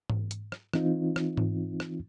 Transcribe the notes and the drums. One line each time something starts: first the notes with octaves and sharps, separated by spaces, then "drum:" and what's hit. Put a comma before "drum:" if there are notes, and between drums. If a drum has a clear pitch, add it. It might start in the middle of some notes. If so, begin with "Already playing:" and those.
drum: tom G#2
drum: hi-hat
drum: rim click
E3 C4 D#4 F4, drum: rim click
drum: rim click
drum: tom G#2
drum: rim click